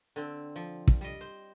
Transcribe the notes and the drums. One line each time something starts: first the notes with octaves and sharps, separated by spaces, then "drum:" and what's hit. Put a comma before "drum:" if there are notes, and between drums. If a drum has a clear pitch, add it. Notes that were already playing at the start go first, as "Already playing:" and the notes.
D3 C4
F3
drum: kick
G3 D#5
C5